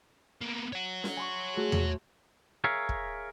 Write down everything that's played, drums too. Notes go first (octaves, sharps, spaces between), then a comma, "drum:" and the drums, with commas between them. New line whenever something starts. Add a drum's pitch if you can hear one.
A#3 B3
C#5 F#5
drum: snare
G#5 C6 C#6
A3 F#4 G#4
drum: tom E2
G#4 A#4 C#5 E5 F5
drum: kick